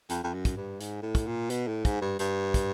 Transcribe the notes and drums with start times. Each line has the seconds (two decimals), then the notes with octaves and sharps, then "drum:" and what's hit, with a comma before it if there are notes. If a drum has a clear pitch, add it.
0.10 F2, drum: hi-hat
0.23 F2
0.34 F#2
0.45 drum: kick, hi-hat
0.57 G2
0.81 G#2, drum: hi-hat
1.03 A2
1.15 drum: kick, hi-hat
1.27 A#2
1.50 B2, drum: hi-hat
1.67 A2
1.85 G#2, drum: kick, hi-hat
2.01 G2
2.19 G2, drum: hi-hat
2.54 drum: kick, hi-hat